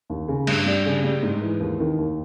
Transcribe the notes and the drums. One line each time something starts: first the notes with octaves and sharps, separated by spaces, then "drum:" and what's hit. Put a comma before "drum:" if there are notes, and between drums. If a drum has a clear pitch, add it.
D#2
C#3
G2, drum: cymbal
G3
C#3
G3
G#2
E3
D#2
D#3
D#2